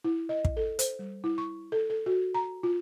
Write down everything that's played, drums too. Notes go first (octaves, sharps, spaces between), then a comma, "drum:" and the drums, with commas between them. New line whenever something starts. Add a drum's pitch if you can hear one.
E4
D#5
drum: kick
A4
C5, drum: hi-hat
G3
E4
C#6
A4
A4
F#4
A#5
F4